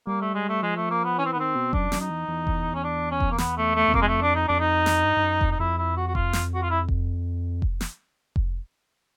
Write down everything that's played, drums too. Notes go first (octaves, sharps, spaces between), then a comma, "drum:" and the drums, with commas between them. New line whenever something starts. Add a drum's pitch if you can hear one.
G3 A#3
A3
G#3
A3
F3 G#3
A3
A#3
B3
E3 C#4
C4
B3
D#3 C4
B2
F#2 D4, drum: kick F1
F#2, drum: snare
D#4
E2
E2
drum: kick F1
C#4
D4
C#4
drum: kick F1
A#3
B3, drum: snare
A3
A3
E2
F2 A#3, drum: kick F1
G#3
A3
D4
D#4
F2 D4
D#4
drum: snare
G2
G2
F#2
F2, drum: kick F1
D#4
F2 E4
E4
F#4
F#4
F4, drum: kick F1
drum: snare
F#4
F4
E4
drum: kick F1
drum: kick F1
drum: snare
drum: kick F1